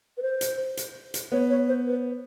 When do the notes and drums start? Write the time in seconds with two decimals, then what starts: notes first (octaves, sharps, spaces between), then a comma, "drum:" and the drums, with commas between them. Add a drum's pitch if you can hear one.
0.17 B4
0.22 C5
0.41 drum: hi-hat
0.77 drum: hi-hat
1.14 drum: hi-hat
1.32 B3 C#5
1.50 C#5
1.68 C5
1.87 B4